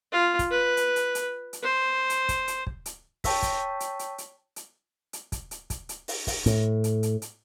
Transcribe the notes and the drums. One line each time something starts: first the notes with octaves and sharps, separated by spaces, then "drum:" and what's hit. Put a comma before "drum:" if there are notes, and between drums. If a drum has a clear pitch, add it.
F4
drum: kick, hi-hat
B4
drum: hi-hat
drum: hi-hat
drum: hi-hat
drum: hi-hat
C5
drum: hi-hat
drum: kick, hi-hat
drum: hi-hat
drum: kick
drum: hi-hat
C#5 G5 A5 C#6 E6 B6, drum: kick, open hi-hat
drum: kick, hi-hat
drum: hi-hat
drum: hi-hat
drum: hi-hat
drum: hi-hat
drum: hi-hat
drum: kick, hi-hat
drum: hi-hat
drum: kick, hi-hat
drum: hi-hat
drum: open hi-hat
drum: kick, open hi-hat
A2, drum: kick, hi-hat
drum: hi-hat
drum: hi-hat
drum: hi-hat